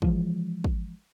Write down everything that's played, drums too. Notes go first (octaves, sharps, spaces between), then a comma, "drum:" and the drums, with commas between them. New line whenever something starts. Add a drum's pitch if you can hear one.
E3 F3 G#3, drum: kick
drum: kick